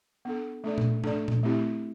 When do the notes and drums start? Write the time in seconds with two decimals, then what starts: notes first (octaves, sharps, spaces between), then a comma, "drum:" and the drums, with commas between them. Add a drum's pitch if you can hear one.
0.25 B3 D4 A4
0.64 A3 D4 A4 D5
0.78 drum: tom A#2
1.04 A3 D4 A4 D5, drum: tom A2
1.28 drum: tom A#2
1.43 A3 C4 E4 G4